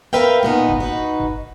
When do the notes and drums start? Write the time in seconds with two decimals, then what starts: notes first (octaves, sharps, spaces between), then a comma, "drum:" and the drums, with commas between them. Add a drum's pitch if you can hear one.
0.13 A#4 B4 E5 F5 G5
0.43 A#2 B3 D#4
0.69 drum: kick
0.80 D#4 F#4 B4
1.20 drum: kick